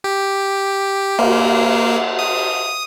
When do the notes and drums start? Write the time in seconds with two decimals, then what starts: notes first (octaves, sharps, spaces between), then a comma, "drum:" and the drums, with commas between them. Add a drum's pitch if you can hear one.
0.04 G4
1.19 A#3, drum: cymbal
2.19 D#6